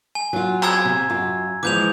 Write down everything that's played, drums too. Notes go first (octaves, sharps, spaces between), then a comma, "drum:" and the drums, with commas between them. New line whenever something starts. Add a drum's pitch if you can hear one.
G#5
F#3 F4
A#5 E6 G#6, drum: clap
C3
F#2 F4
E3 F3 G#3 D6 G6 F7